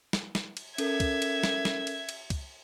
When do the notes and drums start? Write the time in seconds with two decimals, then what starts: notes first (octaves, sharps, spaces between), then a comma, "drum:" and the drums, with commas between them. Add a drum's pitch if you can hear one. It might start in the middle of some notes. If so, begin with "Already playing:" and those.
0.13 drum: snare
0.35 drum: snare
0.57 drum: cymbal
0.78 C#4 A4 A#4 E5 G#6, drum: cymbal
1.00 drum: kick, cymbal
1.22 drum: cymbal
1.44 drum: snare
1.65 drum: snare
1.87 drum: cymbal
2.09 drum: cymbal
2.30 drum: kick, cymbal